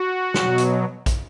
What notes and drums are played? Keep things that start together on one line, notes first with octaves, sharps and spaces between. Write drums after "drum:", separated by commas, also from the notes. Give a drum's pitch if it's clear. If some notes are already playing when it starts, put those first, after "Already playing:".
Already playing: F#4
B2 F#3, drum: snare
drum: hi-hat
drum: kick, hi-hat